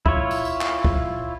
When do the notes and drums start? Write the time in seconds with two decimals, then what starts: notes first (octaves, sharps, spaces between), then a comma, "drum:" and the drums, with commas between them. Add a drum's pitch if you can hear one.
0.06 E4 F4 C#5, drum: kick
0.31 drum: tambourine
0.45 drum: tambourine
0.61 drum: clap
0.84 drum: kick